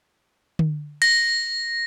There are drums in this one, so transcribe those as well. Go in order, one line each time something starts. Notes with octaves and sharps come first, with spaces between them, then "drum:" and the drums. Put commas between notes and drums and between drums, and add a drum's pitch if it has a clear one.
drum: tom D3
A#6, drum: cymbal